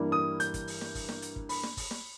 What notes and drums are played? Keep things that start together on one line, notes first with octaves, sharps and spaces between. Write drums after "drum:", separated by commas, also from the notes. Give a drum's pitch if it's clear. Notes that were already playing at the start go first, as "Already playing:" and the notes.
Already playing: G2 E3 G3 A#3 E4
D#6
G6, drum: hi-hat
drum: kick G1, hi-hat
drum: open hi-hat
drum: snare
drum: kick G1, open hi-hat
drum: snare
drum: hi-hat
drum: kick G1
B5, drum: open hi-hat
drum: snare
drum: kick G1, open hi-hat
drum: snare